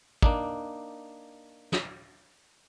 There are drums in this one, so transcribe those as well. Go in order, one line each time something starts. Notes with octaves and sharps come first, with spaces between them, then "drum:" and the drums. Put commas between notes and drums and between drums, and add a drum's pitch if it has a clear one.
A#3 D4 D#4, drum: kick
drum: snare